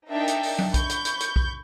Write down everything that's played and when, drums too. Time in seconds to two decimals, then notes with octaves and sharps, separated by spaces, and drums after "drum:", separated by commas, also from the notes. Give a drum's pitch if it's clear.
0.11 D4 D#4 A#4 E5 G5 A5
0.28 drum: hi-hat
0.43 drum: open hi-hat
0.59 drum: tom F#3
0.74 B5 C#6 G6, drum: kick B1, hi-hat
0.90 drum: hi-hat
1.05 drum: hi-hat
1.20 drum: hi-hat
1.36 drum: kick B1